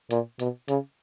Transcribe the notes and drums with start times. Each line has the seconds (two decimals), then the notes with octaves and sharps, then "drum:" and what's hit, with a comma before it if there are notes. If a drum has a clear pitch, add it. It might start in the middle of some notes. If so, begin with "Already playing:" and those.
0.11 A#2, drum: hi-hat
0.40 B2, drum: hi-hat
0.68 C#3, drum: hi-hat